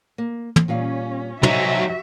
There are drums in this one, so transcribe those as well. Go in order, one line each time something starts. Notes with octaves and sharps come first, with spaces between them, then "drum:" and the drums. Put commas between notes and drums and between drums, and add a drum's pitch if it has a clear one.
A#3
drum: tom
A#2 G3 C#4 F5
C3 F#3 D#4 F#4 D5 E5, drum: tom